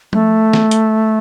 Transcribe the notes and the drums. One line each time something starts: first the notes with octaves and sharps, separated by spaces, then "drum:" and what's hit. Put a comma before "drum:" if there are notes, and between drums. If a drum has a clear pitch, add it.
A3, drum: tom F3
drum: snare
drum: hi-hat